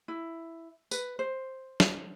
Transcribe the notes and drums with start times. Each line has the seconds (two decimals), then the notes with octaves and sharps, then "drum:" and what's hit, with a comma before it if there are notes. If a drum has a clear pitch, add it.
0.08 E4
0.91 B4, drum: tambourine
1.19 C5
1.80 drum: snare